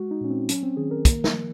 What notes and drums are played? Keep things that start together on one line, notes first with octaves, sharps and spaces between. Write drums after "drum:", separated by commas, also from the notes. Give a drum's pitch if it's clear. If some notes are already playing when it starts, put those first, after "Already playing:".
Already playing: G#3 F#4
D#4
A#2 C#4
C4
F#3 C#4, drum: hi-hat
C4
D#3 G#4
A#4
A#3, drum: kick, hi-hat
drum: snare
F3